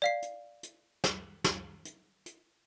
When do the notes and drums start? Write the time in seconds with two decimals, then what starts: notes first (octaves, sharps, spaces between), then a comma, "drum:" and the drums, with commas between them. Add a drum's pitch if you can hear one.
0.02 D5 F5 C7
0.22 drum: hi-hat
0.63 drum: hi-hat
1.04 drum: snare
1.44 drum: snare
1.85 drum: hi-hat
2.26 drum: hi-hat